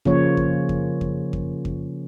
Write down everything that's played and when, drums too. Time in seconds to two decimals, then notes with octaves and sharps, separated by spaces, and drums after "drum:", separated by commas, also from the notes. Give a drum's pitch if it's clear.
0.05 C#3 F3 A#3 C#4 F4 C#5, drum: kick F2
0.37 drum: kick F2
0.69 drum: kick F2
1.01 drum: kick F2
1.33 drum: kick F2
1.65 drum: kick F2